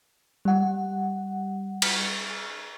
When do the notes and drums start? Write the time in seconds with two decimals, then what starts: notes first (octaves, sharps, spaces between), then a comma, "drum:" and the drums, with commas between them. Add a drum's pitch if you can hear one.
0.45 G3 F#5
1.82 drum: cymbal